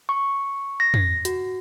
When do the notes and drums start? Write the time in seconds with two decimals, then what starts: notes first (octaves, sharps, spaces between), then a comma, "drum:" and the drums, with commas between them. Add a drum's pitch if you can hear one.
0.09 C#6
0.80 A#6
0.94 drum: tom
1.25 F#4, drum: hi-hat